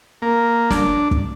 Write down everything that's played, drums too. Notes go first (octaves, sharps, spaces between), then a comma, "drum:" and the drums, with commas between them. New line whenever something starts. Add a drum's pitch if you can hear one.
A#3
D4, drum: snare
drum: kick